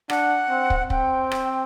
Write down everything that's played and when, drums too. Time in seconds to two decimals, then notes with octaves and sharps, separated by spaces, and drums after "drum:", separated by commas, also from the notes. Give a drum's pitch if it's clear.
0.10 D4 F#5, drum: rim click
0.50 C4
0.70 drum: kick
0.90 C4 G5, drum: kick
1.32 drum: rim click